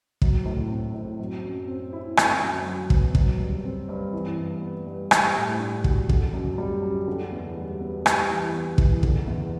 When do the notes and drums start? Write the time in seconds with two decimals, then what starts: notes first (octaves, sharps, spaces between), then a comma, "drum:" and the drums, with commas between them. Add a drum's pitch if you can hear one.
0.22 F#3, drum: kick
0.45 A2
0.70 C4
0.94 A2
1.19 F#3
1.43 F#2
1.68 C4
1.93 E4
2.17 D3, drum: rim click
2.42 F#2
2.66 F#3
2.90 B3, drum: kick
3.15 F#3, drum: kick
3.40 G2
3.64 C4
3.89 G2
4.13 E3
4.38 G2
4.62 B3
4.87 G2
5.11 G3, drum: rim click
5.35 A2
5.60 D4
5.84 F#4, drum: kick
6.09 D3, drum: kick
6.33 F#2
6.58 G3
6.82 F#2
7.07 D3
7.32 E2
7.56 G3
7.80 B3
8.06 G3, drum: rim click
8.29 E3
8.54 B3
8.78 E3, drum: kick
9.03 D3, drum: kick
9.27 E2